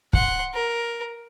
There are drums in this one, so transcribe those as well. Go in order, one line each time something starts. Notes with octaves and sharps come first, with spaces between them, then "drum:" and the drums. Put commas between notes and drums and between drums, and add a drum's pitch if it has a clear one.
F#5 C6, drum: kick
A#4